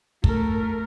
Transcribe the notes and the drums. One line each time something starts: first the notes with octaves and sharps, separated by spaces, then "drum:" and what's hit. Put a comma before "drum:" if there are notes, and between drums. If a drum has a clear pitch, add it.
A3 A#4, drum: kick